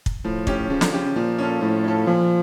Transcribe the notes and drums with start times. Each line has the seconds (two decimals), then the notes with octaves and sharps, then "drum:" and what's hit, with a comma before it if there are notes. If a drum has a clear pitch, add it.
0.06 drum: kick
0.24 A2 F3
0.47 C#4 G4, drum: kick
0.70 C#3 F3
0.81 D3, drum: snare
0.93 C#3 C#4 G4
1.05 C#3
1.16 A#2 F3
1.38 C#4 F4 A4
1.61 A2 F3
1.84 C#4 F4 A4
2.06 A#2 F3